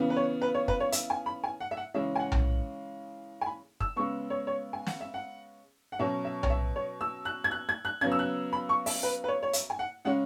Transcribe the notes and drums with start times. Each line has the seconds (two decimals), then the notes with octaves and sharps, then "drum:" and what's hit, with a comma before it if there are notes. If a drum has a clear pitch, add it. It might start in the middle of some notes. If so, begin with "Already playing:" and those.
Already playing: C#3 E3 B3
0.10 B4
0.16 C#5
0.42 B4
0.54 C#5
0.68 B4, drum: kick
0.80 C#5
0.92 E5, drum: hi-hat
1.10 G#5
1.26 B5
1.44 G#5
1.60 F#5
1.71 E5
1.77 F#5
1.94 C#3 E3 G#3 C#4 E5
2.16 G#5
2.19 F#5
2.32 drum: tom B1
3.41 G#5
3.46 B5
3.80 E6, drum: kick
3.96 C#3 G#3 B3 C#6
4.30 C#5
4.47 C#5
4.73 G#5
4.87 F#5, drum: snare
5.01 E5
5.14 F#5
5.92 F#5
5.99 B2 F#3 C#4 E5
6.25 E5
6.43 C#5, drum: tom B1
6.50 E5
6.76 C#5
7.01 E6
7.25 F#6
7.44 G#6
7.51 F#6
7.69 G#6
7.85 F#6
8.01 C#3 F#3 B3 G#6
8.12 E6
8.19 F#6
8.53 B5
8.69 C#6
8.86 E5, drum: open hi-hat
9.03 B4
9.24 B4
9.28 C#5
9.43 C#5
9.53 E5, drum: hi-hat
9.70 G#5
9.79 F#5
10.05 C#3 G#3 C#4 F#5